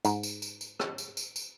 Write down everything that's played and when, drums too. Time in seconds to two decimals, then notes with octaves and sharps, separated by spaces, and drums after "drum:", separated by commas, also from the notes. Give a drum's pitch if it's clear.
0.05 G#2, drum: tambourine
0.23 drum: tambourine
0.42 drum: tambourine
0.61 drum: tambourine
0.80 drum: rim click
0.98 drum: tambourine
1.17 drum: tambourine
1.36 drum: tambourine